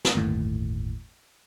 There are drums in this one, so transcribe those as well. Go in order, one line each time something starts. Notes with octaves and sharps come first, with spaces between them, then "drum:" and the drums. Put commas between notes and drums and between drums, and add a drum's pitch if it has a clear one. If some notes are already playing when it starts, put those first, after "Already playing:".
drum: snare
G1 D#2 A2